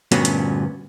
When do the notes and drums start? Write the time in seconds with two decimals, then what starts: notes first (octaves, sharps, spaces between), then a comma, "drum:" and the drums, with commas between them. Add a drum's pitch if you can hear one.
0.12 D2 G2 A#2 B3 C#4 F#4, drum: hi-hat
0.25 drum: hi-hat